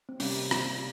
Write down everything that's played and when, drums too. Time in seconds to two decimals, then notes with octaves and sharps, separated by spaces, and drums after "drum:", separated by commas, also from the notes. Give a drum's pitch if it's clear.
0.09 C4
0.20 C3 G3 A#3 C#4, drum: open hi-hat
0.51 C4, drum: rim click